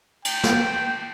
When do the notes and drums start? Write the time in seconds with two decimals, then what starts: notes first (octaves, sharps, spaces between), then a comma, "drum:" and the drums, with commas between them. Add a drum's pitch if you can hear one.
0.25 G5, drum: cymbal
0.44 drum: snare